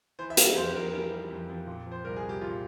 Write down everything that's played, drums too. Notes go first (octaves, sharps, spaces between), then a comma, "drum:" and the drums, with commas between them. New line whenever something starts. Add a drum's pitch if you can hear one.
E3 C5
E5
G3 F5, drum: hi-hat
F2 C5
F2 A#4
E3 A#4
G3
F2
F2
A#2
F3
C5
C2 A#4
G#4
C2
G4
A#2 F4